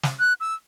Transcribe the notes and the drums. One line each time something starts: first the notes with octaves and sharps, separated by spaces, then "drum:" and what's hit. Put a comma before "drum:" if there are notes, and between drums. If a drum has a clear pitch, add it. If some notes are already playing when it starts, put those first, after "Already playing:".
drum: snare
F#6
E6